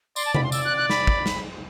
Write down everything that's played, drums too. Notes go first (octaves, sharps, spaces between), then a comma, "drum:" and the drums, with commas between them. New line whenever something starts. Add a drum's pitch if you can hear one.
D5 C6, drum: tambourine
A5
B5, drum: tom C3
C6
D5 E6, drum: tambourine
F#6
F#6
B5, drum: snare
drum: kick
drum: snare